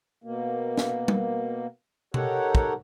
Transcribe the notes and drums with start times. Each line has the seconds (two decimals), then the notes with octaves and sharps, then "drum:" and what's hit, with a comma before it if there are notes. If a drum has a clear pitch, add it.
0.24 B2 A#3
0.77 drum: snare
1.08 drum: tom G3
2.14 D#4 G4 A4 A#4 C#5 F#5, drum: tom B2
2.55 drum: kick